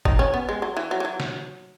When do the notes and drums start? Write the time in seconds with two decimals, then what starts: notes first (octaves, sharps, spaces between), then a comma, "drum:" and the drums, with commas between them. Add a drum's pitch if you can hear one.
0.05 D#4, drum: kick G#1
0.19 C#4
0.34 B3
0.49 G#3
0.62 F#3
0.77 E3
0.91 F#3
1.00 E3
1.05 F#3
1.20 drum: snare